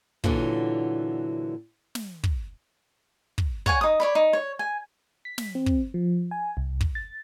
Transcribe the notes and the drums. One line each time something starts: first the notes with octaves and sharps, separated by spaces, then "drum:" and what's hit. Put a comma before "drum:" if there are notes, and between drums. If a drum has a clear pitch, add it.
A#2 D3 E3 F#3 C#4, drum: kick
drum: snare
drum: kick
drum: kick
C#5 F#5 G#5, drum: kick
D#4 D#6
C#5 D5 B5
D#4
C#5
G#5
B6
drum: snare
C4
drum: kick
F3
G#5
C2
drum: kick
A6